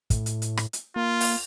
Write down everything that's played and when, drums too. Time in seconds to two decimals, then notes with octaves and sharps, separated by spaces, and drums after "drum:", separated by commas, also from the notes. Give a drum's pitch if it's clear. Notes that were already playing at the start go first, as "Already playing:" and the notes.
0.10 A2, drum: kick, hi-hat
0.26 drum: hi-hat
0.42 drum: hi-hat
0.57 drum: rim click
0.73 drum: hi-hat
0.96 A#3 F4
1.20 drum: open hi-hat